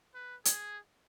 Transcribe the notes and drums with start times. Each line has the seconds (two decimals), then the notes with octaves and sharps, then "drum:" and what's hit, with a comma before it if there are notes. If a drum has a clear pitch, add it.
0.14 B4
0.45 G#4, drum: hi-hat